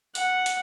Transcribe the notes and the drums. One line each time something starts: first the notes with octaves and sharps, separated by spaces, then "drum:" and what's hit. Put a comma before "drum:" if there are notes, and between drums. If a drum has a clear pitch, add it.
F#5, drum: hi-hat
drum: hi-hat